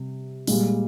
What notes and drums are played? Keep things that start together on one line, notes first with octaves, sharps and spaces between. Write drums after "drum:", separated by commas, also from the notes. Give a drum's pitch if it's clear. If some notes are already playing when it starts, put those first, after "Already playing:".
Already playing: C3 G3
A#2 G3 G#3, drum: open hi-hat